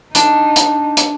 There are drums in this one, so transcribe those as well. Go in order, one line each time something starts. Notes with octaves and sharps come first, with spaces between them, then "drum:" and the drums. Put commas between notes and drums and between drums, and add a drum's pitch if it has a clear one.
D4 D#4, drum: hi-hat
drum: hi-hat
drum: hi-hat